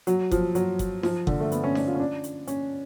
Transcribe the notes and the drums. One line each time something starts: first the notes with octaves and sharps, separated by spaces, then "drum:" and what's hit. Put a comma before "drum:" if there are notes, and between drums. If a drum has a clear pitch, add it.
F#3, drum: hi-hat
F3, drum: kick F#1, hi-hat
F#3, drum: hi-hat
drum: kick F#1, hi-hat
F3, drum: snare D#4
D3, drum: kick F#1
A3
B3, drum: hi-hat
C#4
D4, drum: snare D#4
F4
C#4
D4
drum: hi-hat
C#4, drum: hi-hat